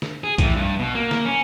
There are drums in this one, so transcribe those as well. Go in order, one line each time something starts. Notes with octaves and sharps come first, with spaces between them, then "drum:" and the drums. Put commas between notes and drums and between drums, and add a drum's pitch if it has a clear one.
drum: snare
G#4
A2 E3, drum: kick B1, hi-hat
G2
B2
A#3
drum: snare
C#4